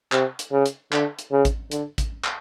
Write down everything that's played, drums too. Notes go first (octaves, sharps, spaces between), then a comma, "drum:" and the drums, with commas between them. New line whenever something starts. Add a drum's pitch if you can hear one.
C3, drum: clap
drum: hi-hat
C#3
drum: hi-hat
D3, drum: clap
drum: hi-hat
C#3
drum: kick A1, hi-hat
D3, drum: hi-hat
drum: kick A1, hi-hat
drum: clap